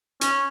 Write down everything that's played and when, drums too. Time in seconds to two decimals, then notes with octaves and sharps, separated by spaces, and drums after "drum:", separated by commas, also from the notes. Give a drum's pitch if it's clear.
0.21 C#4, drum: hi-hat